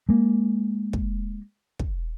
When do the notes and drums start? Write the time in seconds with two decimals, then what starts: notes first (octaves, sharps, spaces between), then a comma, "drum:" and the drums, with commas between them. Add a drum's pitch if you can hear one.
0.09 G#3 A#3
0.93 drum: kick
1.79 drum: kick